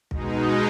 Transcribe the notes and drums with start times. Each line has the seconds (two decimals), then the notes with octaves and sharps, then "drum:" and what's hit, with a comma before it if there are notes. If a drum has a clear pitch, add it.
0.11 B2 G#3 D#4, drum: kick